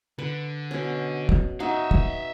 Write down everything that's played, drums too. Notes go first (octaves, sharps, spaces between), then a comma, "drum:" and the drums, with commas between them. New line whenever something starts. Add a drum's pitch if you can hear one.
D3 B4
B2 C#4
drum: kick
D#4 F#4 E5 F5
drum: kick